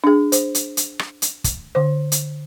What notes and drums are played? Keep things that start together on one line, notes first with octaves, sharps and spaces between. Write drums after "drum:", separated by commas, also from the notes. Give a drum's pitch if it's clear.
D4 G#4
C5, drum: hi-hat
drum: hi-hat
drum: hi-hat
drum: rim click
drum: hi-hat
drum: kick, hi-hat
D3 C5
drum: hi-hat